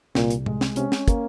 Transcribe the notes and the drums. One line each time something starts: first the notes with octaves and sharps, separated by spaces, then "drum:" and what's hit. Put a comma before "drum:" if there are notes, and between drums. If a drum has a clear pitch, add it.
C2 A#2, drum: snare
drum: hi-hat
G#3, drum: tom
drum: snare
C3 C#4, drum: hi-hat
drum: snare
A#3, drum: kick, hi-hat